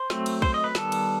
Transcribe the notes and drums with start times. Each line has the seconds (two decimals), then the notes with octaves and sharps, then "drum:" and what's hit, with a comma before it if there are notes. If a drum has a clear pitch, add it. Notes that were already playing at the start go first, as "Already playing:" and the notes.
Already playing: C5
0.10 F#3 A3 C4, drum: snare
0.26 drum: cymbal
0.42 C5, drum: kick
0.54 D#5
0.64 B4
0.75 D#3 G3 B3 A4, drum: snare
0.92 drum: cymbal